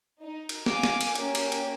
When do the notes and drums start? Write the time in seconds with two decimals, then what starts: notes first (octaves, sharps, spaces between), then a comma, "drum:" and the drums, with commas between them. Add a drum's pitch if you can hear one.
0.22 D#4
0.49 drum: cymbal
0.66 F5 G#5 D6, drum: snare
0.83 drum: snare
1.01 drum: cymbal
1.15 A#3 C#4 G4, drum: cymbal
1.35 drum: cymbal
1.52 drum: cymbal